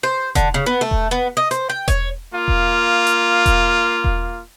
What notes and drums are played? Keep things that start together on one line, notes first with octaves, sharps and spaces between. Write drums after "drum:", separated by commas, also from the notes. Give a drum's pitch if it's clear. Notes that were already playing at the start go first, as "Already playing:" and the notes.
C5
D3, drum: kick E1, hi-hat
C#3
B3
A3
drum: kick E1
B3
D#5
C5, drum: hi-hat
G5
C#5, drum: kick E1, hi-hat
A#3 F4
drum: kick E1
drum: hi-hat
drum: kick E1, hi-hat
drum: kick E1